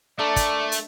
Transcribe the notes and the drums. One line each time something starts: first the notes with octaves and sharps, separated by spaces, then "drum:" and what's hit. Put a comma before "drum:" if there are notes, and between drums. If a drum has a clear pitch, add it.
A3 D4 A4 A#4 D5
drum: kick, hi-hat
drum: hi-hat